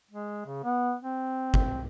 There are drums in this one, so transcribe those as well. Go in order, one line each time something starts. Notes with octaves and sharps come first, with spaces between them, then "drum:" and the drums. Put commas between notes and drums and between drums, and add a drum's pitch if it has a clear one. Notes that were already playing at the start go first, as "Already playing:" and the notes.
G#3
C#3
B3
C4
drum: kick G1